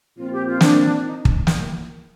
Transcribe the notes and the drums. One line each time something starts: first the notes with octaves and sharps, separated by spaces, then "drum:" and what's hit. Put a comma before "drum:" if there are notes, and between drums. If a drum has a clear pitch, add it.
A#2 F3 C4 F4
G4
F4
D4, drum: snare
D#4
drum: kick
drum: snare